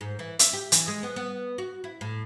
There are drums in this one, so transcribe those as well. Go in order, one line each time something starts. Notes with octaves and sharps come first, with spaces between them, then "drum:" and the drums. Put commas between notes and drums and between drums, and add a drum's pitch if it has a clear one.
G#2
E3
E5, drum: hi-hat
G4
E3, drum: hi-hat
G#3
B3
B3
F#4
E4
A2